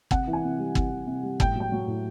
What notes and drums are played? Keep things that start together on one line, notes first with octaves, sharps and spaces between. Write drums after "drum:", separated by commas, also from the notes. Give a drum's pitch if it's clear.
C3 F#5, drum: kick
E3
G#5
C3
G3
C3, drum: kick
E3
C3
G3
A2 G5, drum: kick
F#3 G5
F#3
A2